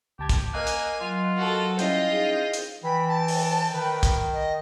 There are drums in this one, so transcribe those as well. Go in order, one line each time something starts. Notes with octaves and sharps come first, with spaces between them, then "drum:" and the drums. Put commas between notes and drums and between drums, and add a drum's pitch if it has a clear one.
C#2 G4 A5 G#6
drum: kick, hi-hat
A#3 A#4 D#5 G#5 F#6
drum: hi-hat
F#3 F4
F#4 A4
G3 C#4 E4 F4 D#5 G5, drum: hi-hat
D#4 G#4
drum: hi-hat
E3 G5 B5
A5
drum: open hi-hat
D#3 B4
drum: kick, hi-hat
D#5